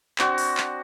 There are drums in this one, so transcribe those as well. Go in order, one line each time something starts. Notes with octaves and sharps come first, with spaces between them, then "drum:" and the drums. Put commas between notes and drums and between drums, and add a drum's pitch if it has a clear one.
C4 D4 F#4, drum: clap
drum: open hi-hat
drum: clap